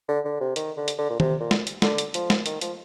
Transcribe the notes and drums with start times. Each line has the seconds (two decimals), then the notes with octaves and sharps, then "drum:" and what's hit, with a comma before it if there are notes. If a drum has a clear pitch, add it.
0.09 D3
0.25 D3
0.40 C3
0.56 D#3, drum: hi-hat
0.77 D3
0.88 drum: hi-hat
0.98 D3
1.10 A#2
1.20 C3, drum: tom D#3
1.40 A#2
1.51 drum: snare
1.67 drum: hi-hat
1.82 D3, drum: snare
1.98 drum: hi-hat
2.14 F3, drum: hi-hat
2.30 drum: snare
2.46 D#3, drum: hi-hat
2.61 F3, drum: hi-hat